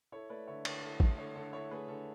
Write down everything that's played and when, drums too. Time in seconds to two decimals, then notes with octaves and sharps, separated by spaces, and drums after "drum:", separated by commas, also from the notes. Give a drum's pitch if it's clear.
0.12 E4 A4 C#5
0.29 A3 B4 D5
0.48 D3 C#5 E5
0.65 D3 A4 C#5, drum: cymbal
0.82 E4 A4
1.00 A3, drum: kick
1.18 D3 A4 C#5
1.35 D3 A4 C#5
1.53 E4 A4 C#5
1.71 A3 G#4 B4
1.88 D3 A4